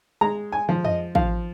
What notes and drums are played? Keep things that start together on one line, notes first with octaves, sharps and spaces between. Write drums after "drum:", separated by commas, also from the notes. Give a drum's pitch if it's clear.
G#3 A#5
G#5
F3
D#5, drum: tom F2
F3 F5, drum: kick